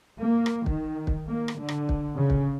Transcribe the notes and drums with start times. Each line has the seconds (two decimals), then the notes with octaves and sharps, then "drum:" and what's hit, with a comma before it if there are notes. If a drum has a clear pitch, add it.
0.20 A#3
0.46 drum: rim click
0.66 D#3, drum: kick
1.07 drum: kick
1.28 A#3
1.48 drum: rim click
1.58 D3
1.69 drum: rim click
1.89 drum: kick
2.16 C#3
2.30 drum: kick